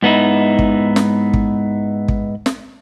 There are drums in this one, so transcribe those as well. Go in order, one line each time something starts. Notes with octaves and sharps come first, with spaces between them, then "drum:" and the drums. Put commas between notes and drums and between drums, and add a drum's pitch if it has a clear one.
G#2 B3 D#4 E4
drum: kick
drum: snare
drum: kick
drum: kick
drum: snare